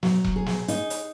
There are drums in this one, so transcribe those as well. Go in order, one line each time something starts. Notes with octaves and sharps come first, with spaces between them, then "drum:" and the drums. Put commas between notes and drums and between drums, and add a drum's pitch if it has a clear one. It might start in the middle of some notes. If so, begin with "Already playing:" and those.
F#3, drum: snare
drum: kick E1
G#4
drum: snare
D#4, drum: hi-hat
drum: hi-hat